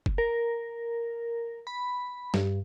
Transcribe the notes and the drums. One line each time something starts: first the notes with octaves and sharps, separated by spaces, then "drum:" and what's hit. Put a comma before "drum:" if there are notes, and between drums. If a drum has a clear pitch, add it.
drum: kick
A#4
B5
G2, drum: snare